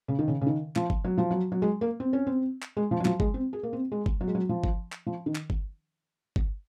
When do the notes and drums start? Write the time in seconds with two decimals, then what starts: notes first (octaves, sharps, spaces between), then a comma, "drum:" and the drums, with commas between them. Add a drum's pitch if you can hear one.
0.08 C#3
0.19 D#3
0.28 C#3
0.41 C#3
0.47 D#3
0.76 F3, drum: clap
0.90 drum: kick G1
1.04 F#3
1.18 F3
1.31 F#3
1.52 F#3
1.62 G#3
1.81 A#3
2.00 C4
2.13 C#4
2.27 C4
2.62 drum: clap
2.77 G#3
2.91 F3
3.00 F#3
3.05 F3, drum: clap
3.20 G#3, drum: kick G1
3.34 C4
3.53 G#4
3.63 A#3
3.73 C4
3.92 G#3
4.06 drum: kick G1
4.21 F#3
4.28 G#3
4.35 F#3
4.49 F3
4.64 drum: kick G1
4.92 drum: clap
5.07 F3
5.26 D#3
5.35 drum: clap
5.50 drum: kick G1
6.36 drum: kick G1